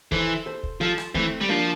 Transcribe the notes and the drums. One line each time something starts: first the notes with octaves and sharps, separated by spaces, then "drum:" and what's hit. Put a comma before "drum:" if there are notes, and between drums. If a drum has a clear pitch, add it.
E3 A4 C5, drum: kick
A4 C5
drum: kick
F3 F4 A4
drum: rim click
E3 A3 C4, drum: kick
G3
F3 A#3 D4